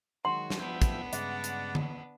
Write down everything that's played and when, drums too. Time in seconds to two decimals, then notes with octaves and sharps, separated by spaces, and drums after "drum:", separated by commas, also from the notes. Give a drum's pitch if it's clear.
0.25 D#3 F#3 G#3 F#4 F#5 C6
0.50 drum: snare
0.60 F3 B3 D4 E5 G5
0.82 drum: kick, hi-hat
1.13 G2 C#3 G#3 D5 E5 F#5 D6, drum: hi-hat
1.44 drum: hi-hat
1.75 drum: tom D3